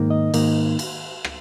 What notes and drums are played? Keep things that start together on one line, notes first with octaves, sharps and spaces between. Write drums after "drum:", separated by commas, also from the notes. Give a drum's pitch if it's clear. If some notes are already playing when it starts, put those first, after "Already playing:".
Already playing: G#2 D#3 A#3 D#4
D#5
G#2 D#3 A#3 D#4, drum: cymbal
drum: cymbal
drum: rim click